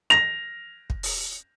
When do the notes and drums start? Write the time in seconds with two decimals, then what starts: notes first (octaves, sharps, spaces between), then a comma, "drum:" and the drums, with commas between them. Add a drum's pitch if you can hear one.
0.10 A#6 F7
0.90 drum: kick
1.03 drum: open hi-hat